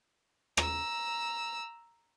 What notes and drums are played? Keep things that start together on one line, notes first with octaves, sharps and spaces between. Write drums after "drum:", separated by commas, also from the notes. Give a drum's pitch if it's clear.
A#5 E6, drum: rim click